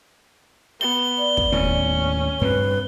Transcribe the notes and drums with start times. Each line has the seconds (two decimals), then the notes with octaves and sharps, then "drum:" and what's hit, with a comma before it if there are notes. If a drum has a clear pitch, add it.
0.81 B3 G7
1.19 D5
1.37 drum: kick
1.52 D#2 A2 B3 C#4
2.41 G2 C4 B4